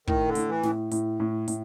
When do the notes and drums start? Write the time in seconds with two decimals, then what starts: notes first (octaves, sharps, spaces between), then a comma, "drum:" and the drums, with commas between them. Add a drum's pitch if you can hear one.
0.07 A2 D#3, drum: kick
0.28 D3
0.35 A2, drum: hi-hat
0.49 E3
0.63 A2, drum: snare
0.91 A2, drum: hi-hat
1.20 A2
1.48 A2, drum: hi-hat